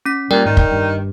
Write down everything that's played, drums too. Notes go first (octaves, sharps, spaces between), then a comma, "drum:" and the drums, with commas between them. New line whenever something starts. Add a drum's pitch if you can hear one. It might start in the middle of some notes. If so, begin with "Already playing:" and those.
C#4 B6
A#2 G3 A#4 D5 G5
G#2 D#3
drum: kick
G2